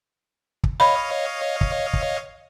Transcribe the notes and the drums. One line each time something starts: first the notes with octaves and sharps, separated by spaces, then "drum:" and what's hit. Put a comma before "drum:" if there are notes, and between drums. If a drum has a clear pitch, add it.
drum: kick
C#5 D#5 F5 B5
drum: kick
drum: kick